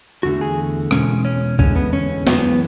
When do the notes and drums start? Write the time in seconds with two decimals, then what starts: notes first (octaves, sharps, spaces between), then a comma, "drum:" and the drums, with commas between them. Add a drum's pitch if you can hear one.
0.23 E2 D3 A3 F#4
0.41 G#4
0.91 E2 B2 G#3 C#4, drum: rim click
1.25 C#4
1.59 E2 D3 G#3 C#4, drum: kick
1.76 B3
1.93 C#4
2.27 F#2 E3 G#3 B3, drum: snare